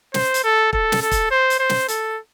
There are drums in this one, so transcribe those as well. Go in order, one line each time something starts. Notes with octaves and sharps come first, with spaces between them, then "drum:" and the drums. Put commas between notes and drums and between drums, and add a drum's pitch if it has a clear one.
C5, drum: snare
drum: hi-hat
A4
A4, drum: kick
drum: snare
A4
drum: kick, hi-hat
C5
drum: hi-hat
C5
drum: snare
A4, drum: hi-hat